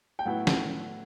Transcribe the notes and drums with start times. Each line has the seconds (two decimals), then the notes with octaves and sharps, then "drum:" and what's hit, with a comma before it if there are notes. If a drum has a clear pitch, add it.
0.19 G5
0.25 A2 F#3 B3 E4 F#5
0.47 drum: snare